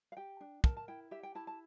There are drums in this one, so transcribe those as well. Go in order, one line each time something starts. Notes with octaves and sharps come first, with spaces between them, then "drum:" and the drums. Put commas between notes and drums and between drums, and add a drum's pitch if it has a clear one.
F5
G4 G5
D4
A#4 A5, drum: kick
A5
E4 G5
G4 E5
G5
E4 A5
A5